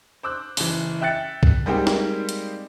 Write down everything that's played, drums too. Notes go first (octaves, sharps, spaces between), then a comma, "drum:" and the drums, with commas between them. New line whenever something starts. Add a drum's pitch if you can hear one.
C5 D6 E6 F#6
F#1 E3, drum: open hi-hat
E5 G5 F#6 A6 C#7
drum: kick B1
G3 G#3 A#3 C4 D#4 G4
drum: snare
drum: hi-hat